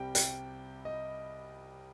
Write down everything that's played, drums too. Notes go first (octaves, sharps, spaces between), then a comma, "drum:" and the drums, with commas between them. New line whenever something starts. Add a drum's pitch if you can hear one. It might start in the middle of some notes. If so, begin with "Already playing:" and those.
Already playing: C2 C3 G3 G5
G5, drum: hi-hat
D#5